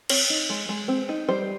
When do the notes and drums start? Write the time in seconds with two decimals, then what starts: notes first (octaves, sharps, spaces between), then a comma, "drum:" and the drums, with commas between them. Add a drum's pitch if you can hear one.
0.09 C4 C#5, drum: cymbal
0.30 D#4
0.50 G#3
0.69 G#3
0.88 C4
1.09 D#4
1.29 G3 C5